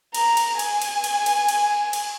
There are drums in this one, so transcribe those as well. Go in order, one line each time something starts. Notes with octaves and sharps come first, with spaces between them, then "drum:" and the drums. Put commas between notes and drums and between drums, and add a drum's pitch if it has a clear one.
A#5, drum: cymbal
drum: cymbal
G#5, drum: cymbal
drum: cymbal
drum: cymbal
drum: cymbal
drum: cymbal
drum: cymbal